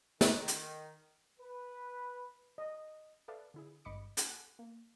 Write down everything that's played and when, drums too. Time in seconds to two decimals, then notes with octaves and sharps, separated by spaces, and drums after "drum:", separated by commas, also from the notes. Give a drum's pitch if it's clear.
0.21 D#3, drum: snare
0.48 drum: hi-hat
1.40 B4
2.58 D#5
3.28 A4 B4 D5 E5 F5
3.54 D3 E4 G#4
3.85 G#1 G2 D#5 B5 D6 C#7
4.17 F#5 G#5 A5 F#6, drum: hi-hat
4.59 A#3